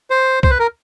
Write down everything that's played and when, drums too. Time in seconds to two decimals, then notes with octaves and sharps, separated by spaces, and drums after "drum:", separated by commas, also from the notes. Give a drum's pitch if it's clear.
0.10 C5
0.43 C5, drum: kick
0.51 B4
0.59 A#4